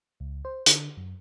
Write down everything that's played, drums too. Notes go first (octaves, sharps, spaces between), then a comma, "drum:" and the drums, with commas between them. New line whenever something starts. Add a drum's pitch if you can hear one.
C#2
C5
D3, drum: hi-hat
F#2